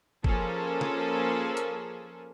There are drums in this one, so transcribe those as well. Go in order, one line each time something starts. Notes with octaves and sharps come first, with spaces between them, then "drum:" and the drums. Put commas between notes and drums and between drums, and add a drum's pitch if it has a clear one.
F3 A#3 C#4 G#4 A4, drum: kick
drum: snare
drum: hi-hat